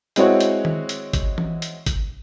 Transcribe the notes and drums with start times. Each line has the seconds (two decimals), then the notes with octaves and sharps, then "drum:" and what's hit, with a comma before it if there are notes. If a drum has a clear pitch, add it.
0.16 G#3 C4 E4 F#4 C#5, drum: hi-hat
0.41 drum: hi-hat
0.65 drum: tom D#3
0.89 drum: hi-hat
1.13 drum: kick G#1, hi-hat
1.38 drum: tom E3
1.62 drum: hi-hat
1.86 drum: kick G#1, hi-hat